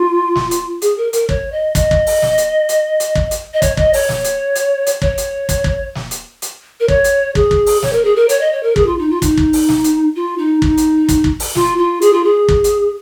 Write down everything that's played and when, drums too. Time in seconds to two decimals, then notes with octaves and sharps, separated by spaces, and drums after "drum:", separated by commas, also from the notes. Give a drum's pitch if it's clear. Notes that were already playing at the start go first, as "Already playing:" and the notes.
Already playing: F4
0.35 drum: snare
0.51 drum: hi-hat
0.82 G#4, drum: hi-hat
0.97 A#4
1.13 A#4, drum: hi-hat
1.29 C#5, drum: kick
1.52 D#5
1.75 D#5, drum: kick, hi-hat
1.91 drum: kick
2.07 drum: open hi-hat
2.22 drum: snare
2.38 drum: hi-hat
2.69 drum: hi-hat
3.00 drum: hi-hat
3.15 drum: kick
3.31 drum: hi-hat
3.54 D#5
3.62 C#5, drum: kick, hi-hat
3.77 D#5, drum: kick
3.93 C#5, drum: open hi-hat
4.09 drum: snare
4.24 drum: hi-hat
4.55 drum: hi-hat
4.86 drum: hi-hat
5.02 C#5, drum: kick
5.18 drum: hi-hat
5.49 drum: kick, hi-hat
5.64 drum: kick
5.95 drum: snare
6.11 drum: hi-hat
6.42 drum: hi-hat
6.80 A#4
6.88 C#5, drum: kick
7.04 drum: hi-hat
7.35 G#4, drum: kick
7.51 drum: kick
7.66 drum: open hi-hat
7.83 C#5, drum: snare
7.93 A#4
8.05 G#4
8.16 A#4
8.29 C#5, drum: hi-hat
8.41 D#5
8.52 C#5
8.63 A#4
8.76 G#4, drum: kick
8.86 F4
8.99 D#4
9.10 F4
9.22 D#4, drum: kick, hi-hat
9.37 drum: kick
9.53 drum: open hi-hat
9.69 drum: snare
9.84 drum: hi-hat
10.16 F4
10.38 D#4
10.62 D#4, drum: kick
10.77 drum: hi-hat
11.09 drum: kick, hi-hat
11.24 drum: kick
11.40 drum: open hi-hat
11.55 F4, drum: snare
11.78 F4
12.01 G#4, drum: hi-hat
12.13 F4
12.24 G#4
12.49 drum: kick
12.64 drum: hi-hat